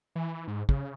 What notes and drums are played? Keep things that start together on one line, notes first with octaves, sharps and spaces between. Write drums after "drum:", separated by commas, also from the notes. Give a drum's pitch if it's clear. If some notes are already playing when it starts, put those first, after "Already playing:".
E3
G#2
C#3, drum: kick